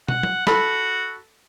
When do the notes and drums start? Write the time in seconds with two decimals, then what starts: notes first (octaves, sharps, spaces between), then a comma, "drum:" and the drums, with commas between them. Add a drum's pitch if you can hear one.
0.08 F#5, drum: tom
0.23 drum: tom F#3
0.47 F#4 A4 B5, drum: snare